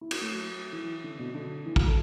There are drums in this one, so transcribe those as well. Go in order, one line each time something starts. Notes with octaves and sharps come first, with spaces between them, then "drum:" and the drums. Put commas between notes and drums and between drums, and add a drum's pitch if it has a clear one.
E4
F#4, drum: cymbal
A3
F#3
E3
D3
B2
D3
E3
F#3, drum: kick
A4